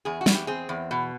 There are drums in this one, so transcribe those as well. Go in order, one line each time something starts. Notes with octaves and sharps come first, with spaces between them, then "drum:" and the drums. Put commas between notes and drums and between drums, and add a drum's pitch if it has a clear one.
E2 G#4
F#4
E2, drum: snare
G4
C4 G#4
E2
B2